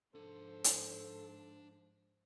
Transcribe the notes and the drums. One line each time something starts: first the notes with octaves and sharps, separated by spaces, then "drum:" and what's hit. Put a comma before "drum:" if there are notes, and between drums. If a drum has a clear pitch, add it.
G#2 F3 D4 A4 C5 C6
drum: hi-hat